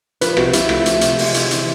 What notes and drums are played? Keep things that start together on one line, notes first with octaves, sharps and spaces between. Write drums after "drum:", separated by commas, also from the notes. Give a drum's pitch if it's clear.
F3 B4, drum: hi-hat
C3 F#4, drum: rim click
C3 E4, drum: hi-hat
A3, drum: rim click
F3, drum: hi-hat
C3, drum: hi-hat
G#3, drum: open hi-hat
E4, drum: hi-hat
E3, drum: hi-hat